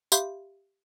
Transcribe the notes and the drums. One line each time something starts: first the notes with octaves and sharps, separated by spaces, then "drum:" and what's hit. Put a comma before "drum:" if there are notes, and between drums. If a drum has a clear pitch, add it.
G4 E5 F5 B5 C6 G6, drum: tambourine